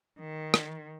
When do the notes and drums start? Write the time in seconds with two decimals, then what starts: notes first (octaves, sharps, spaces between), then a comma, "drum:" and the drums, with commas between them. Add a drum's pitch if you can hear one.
0.19 D#3
0.54 drum: rim click